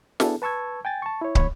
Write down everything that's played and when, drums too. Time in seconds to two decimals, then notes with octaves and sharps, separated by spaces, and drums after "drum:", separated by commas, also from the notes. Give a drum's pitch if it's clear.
0.20 B3 D4 E4 G#4 A4, drum: snare
0.42 B4 A5 C#6 E6 G#6
0.85 G5 G#5 A6
1.02 A5 C#6
1.21 E4 C#5
1.35 D#2 C#5 B5, drum: kick